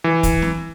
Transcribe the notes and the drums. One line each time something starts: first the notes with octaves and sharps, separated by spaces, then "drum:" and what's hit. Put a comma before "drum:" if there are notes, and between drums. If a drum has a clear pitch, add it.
E3
drum: kick, hi-hat
drum: snare